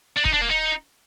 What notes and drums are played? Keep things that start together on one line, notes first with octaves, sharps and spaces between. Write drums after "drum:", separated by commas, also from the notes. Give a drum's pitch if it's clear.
D4
D#4, drum: kick E1
D4
A#3
D#4